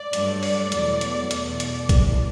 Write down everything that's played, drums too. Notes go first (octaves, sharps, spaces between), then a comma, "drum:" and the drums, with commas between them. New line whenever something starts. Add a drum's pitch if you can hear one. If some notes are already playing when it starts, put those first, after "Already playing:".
Already playing: D5
G2 F#3 A3, drum: hi-hat
D5, drum: open hi-hat
E2 B2 F#3 A3, drum: hi-hat
drum: hi-hat
E2 B2 A3 D5, drum: hi-hat
drum: hi-hat
E2 B2 G3, drum: kick A#1, hi-hat